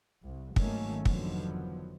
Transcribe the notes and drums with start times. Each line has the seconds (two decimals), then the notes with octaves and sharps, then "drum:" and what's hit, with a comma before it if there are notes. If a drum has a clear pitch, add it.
0.23 C2
0.56 G#1 D#3 F#3 A3 A#3 C#4, drum: kick
1.05 F1 D3 D#3 F3 F#3 B3, drum: kick